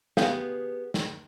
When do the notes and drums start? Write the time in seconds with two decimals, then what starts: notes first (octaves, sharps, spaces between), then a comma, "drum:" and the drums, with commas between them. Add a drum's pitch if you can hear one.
0.17 B3 G4 G#4 F5, drum: snare
0.94 drum: snare